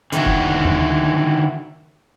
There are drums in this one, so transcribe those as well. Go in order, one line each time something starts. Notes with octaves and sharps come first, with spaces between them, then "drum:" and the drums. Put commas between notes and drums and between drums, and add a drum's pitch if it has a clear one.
D3 D#3 E4 F#4, drum: hi-hat
drum: kick E1
drum: tom D2